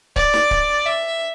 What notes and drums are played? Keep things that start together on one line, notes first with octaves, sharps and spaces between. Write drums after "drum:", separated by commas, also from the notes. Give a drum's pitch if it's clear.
D5, drum: kick D1
drum: snare
drum: kick D1
E5